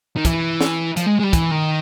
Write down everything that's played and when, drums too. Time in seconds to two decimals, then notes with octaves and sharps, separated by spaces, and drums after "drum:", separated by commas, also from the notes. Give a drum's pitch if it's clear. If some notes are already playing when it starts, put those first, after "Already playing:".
0.16 D#3
0.25 E3, drum: kick, hi-hat
0.61 drum: snare
0.97 F3, drum: hi-hat
1.06 G#3
1.20 G#3
1.24 G3
1.33 E3, drum: kick, hi-hat
1.51 D#3